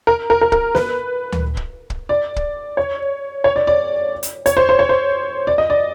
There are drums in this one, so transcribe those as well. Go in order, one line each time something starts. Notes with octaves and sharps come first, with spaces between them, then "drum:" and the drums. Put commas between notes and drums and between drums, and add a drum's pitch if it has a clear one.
A#4
A#4
A#4
A#4, drum: kick
B4, drum: snare
drum: tom D2
drum: kick
drum: kick
D5
drum: kick
C#5
C#5
D5
D5
drum: hi-hat
C#5, drum: hi-hat
C5
C5
C#5
C5
D5
D#5
D5